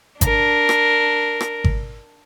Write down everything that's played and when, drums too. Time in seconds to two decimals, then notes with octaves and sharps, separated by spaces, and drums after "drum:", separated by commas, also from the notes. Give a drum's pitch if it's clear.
0.21 D4 A#4, drum: kick G#1, hi-hat
0.69 drum: rim click
1.41 drum: rim click
1.64 drum: kick G#1